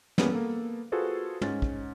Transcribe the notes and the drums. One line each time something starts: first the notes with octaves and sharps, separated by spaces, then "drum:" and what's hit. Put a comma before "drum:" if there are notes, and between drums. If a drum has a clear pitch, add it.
E3 G3 A#3 B3 C#4 G#4, drum: snare
A#3 B3 A4
F4 F#4 G#4 A4 B4 C5
G#2 C#4 A6, drum: tom
drum: kick